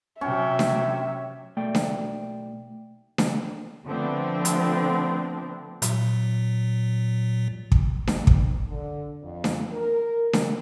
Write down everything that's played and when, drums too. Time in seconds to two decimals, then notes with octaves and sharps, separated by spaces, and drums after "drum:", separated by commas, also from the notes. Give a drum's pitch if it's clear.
0.21 C3 F#3 C#4 E5 G5
0.59 drum: snare D4
1.57 B1 A3 D5 G5
1.75 drum: snare D4
3.18 drum: snare D4
3.86 D3 F3 A3 B3 C4 D4
4.45 drum: hi-hat
5.82 A#2 F#3, drum: hi-hat
7.72 drum: kick
8.07 drum: snare D4
8.27 drum: kick
8.67 D3
9.22 F2
9.44 drum: snare D4
9.73 A#4
10.33 drum: snare D4